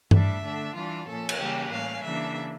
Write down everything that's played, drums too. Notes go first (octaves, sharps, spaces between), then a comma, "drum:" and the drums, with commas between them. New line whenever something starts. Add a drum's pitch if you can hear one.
A2 G3 D4 E5, drum: tom G2
D3 A3 D4
E3 G3 D4 F4
A#2 F3 C#4 A4
drum: cymbal
C#3 E3 G3 A#3 C#4 G4
A2 G3 C#4 F5
C#3 E3 A#3 D4 E5